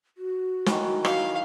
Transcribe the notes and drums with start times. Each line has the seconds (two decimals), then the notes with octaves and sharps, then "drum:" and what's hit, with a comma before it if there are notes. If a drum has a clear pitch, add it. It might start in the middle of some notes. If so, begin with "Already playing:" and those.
0.18 F#4
0.66 D#3 E3 F#3, drum: snare
1.05 F5, drum: rim click